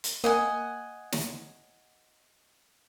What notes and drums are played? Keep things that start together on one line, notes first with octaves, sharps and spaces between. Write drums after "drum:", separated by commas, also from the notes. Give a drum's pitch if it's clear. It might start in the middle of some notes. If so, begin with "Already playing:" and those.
drum: hi-hat
A#3 D#5 F#5 G#5
drum: snare